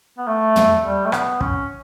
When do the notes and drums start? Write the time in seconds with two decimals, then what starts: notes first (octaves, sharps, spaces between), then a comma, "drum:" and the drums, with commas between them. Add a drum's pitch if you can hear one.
0.18 B3
0.27 A3
0.56 drum: tom
0.85 G3
1.06 A3
1.12 B3, drum: rim click
1.41 C#4, drum: kick